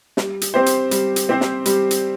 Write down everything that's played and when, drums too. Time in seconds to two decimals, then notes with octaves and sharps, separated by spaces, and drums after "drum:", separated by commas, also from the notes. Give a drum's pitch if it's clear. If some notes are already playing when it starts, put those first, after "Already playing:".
0.17 G3, drum: snare
0.41 drum: hi-hat
0.54 C4 G4 C5
0.66 drum: hi-hat
0.91 G3, drum: hi-hat
1.16 drum: hi-hat
1.29 C4 G4 C5
1.41 drum: snare
1.65 G3, drum: hi-hat
1.91 drum: hi-hat